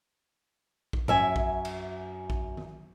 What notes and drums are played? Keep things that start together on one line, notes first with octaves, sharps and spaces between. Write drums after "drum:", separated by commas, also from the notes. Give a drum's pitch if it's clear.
drum: kick A#1
F#2 E5 G#5, drum: tom G#2
drum: kick A#1
drum: cymbal
drum: kick A#1
drum: tom D#3